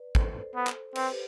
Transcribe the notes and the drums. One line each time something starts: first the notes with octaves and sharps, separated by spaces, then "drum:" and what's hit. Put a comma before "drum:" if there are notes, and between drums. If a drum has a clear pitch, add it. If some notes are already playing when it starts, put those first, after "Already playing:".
Already playing: B4 D5
A4 C5, drum: kick G#1
B3
drum: clap
C4 B4, drum: cymbal
C5
G4 B4